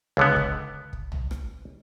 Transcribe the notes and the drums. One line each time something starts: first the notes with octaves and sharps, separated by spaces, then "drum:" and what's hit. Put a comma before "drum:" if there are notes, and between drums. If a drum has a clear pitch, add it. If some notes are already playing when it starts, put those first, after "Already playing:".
C#2 D3 B3
drum: kick
drum: kick
drum: tom A#1
drum: rim click